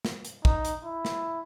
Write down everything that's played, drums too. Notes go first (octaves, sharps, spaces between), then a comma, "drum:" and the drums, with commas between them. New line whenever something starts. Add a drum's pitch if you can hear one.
drum: snare
drum: hi-hat
D#4, drum: kick
drum: hi-hat
E4
drum: snare